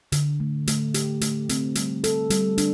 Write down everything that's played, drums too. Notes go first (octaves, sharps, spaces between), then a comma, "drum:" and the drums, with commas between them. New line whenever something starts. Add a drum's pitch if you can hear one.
D3, drum: hi-hat
A3
A3, drum: hi-hat
G4, drum: hi-hat
A3, drum: hi-hat
C4, drum: hi-hat
G3, drum: hi-hat
A4, drum: hi-hat
G3, drum: hi-hat
D4, drum: hi-hat